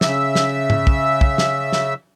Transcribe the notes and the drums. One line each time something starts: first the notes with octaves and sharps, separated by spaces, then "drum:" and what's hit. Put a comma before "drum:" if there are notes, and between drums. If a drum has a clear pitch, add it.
C#3 E5 E6, drum: snare
drum: snare
drum: tom G#2
drum: kick
drum: kick
drum: snare
drum: snare